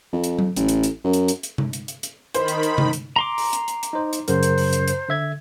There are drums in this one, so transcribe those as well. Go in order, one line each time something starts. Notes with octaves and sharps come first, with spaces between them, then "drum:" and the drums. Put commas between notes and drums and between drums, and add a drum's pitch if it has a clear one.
F2
drum: hi-hat
drum: tom F#3
A1, drum: hi-hat
drum: hi-hat
drum: hi-hat
F#2
drum: hi-hat
drum: hi-hat
drum: hi-hat
drum: tom C3
drum: hi-hat
drum: hi-hat
drum: hi-hat
D#3 C5 B5, drum: hi-hat
drum: hi-hat
drum: hi-hat
drum: tom C3
drum: hi-hat
A#5 C6 D6
drum: open hi-hat
drum: hi-hat
drum: hi-hat
drum: hi-hat
D#4 C5
drum: hi-hat
F#2 C#3 A#4 C5, drum: hi-hat
drum: hi-hat
drum: open hi-hat
drum: hi-hat
drum: hi-hat
D3 E5 G#6